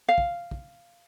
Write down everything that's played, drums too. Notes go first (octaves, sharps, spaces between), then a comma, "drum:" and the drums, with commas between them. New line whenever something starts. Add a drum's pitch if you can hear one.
F5
drum: kick
drum: kick